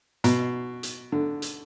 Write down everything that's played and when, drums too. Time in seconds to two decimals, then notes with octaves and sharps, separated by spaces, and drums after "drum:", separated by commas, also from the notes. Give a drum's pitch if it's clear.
0.24 B2, drum: hi-hat
0.83 drum: hi-hat
1.12 D3
1.42 drum: hi-hat